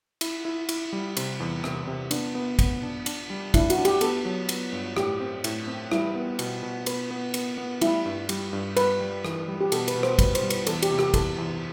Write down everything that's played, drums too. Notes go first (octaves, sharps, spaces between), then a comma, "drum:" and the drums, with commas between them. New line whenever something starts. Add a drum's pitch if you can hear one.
E4, drum: cymbal
E4
E4, drum: cymbal
G3
C3, drum: cymbal
E2
C3, drum: rim click
C3
B3 D4, drum: cymbal
B3
B3, drum: kick, cymbal
D4
D4, drum: cymbal
G3
D4 E4, drum: kick, cymbal
F#4, drum: cymbal
D4
G4, drum: cymbal
B3 A4, drum: cymbal
F#3
B3, drum: cymbal
G2
A2 G4, drum: rim click
C4
A2, drum: cymbal
C4
G3 E4, drum: rim click
B3
B2, drum: cymbal
B2
B3 B4, drum: cymbal
B3
B3, drum: cymbal
B3
G3 E4, drum: cymbal
G2
G3, drum: cymbal
G2
G3 B4, drum: cymbal
G3
E3, drum: rim click
G3
G4
B2 A4, drum: cymbal
B4, drum: cymbal
B2
C5, drum: rim click
G3 B4, drum: kick, cymbal
C5, drum: cymbal
G3
B4, drum: cymbal
E2 A4, drum: cymbal
G4, drum: cymbal
C3
G4, drum: rim click
E2 A4, drum: kick, cymbal
E2